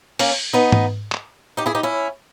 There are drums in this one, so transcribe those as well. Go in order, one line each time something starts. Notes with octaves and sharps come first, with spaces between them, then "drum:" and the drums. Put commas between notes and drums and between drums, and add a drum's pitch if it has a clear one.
A#3 C#4, drum: open hi-hat
B3 D#4
drum: tom G#2
drum: clap
D#4 G4
E4 G#4
D#4 G4
C#4 E4